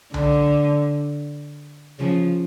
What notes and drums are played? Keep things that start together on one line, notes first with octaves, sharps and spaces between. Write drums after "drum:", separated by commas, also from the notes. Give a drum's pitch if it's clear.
D3, drum: tom B1
C#3 F3